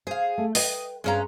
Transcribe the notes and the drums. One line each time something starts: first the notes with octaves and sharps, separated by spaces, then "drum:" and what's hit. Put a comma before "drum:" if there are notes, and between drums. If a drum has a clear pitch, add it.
G#4 C5 F5
A3
B4 D#5 G5, drum: open hi-hat
G2 G#3 C4 C#4 F5 A#5